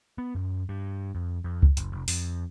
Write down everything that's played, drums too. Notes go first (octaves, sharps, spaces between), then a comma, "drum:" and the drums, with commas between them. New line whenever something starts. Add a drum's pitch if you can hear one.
B3
F#2
G2
F2
F2
drum: kick C#2
F#1, drum: hi-hat
F1
F2, drum: open hi-hat